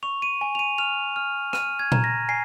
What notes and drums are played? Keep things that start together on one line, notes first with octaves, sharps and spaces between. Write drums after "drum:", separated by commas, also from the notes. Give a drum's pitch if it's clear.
C#6 F7
D#7
G#5
F7
D#7
F6 F7
F6
F6 D#7, drum: rim click
G#6
A#5, drum: tom A#2
A#6
G#5 C7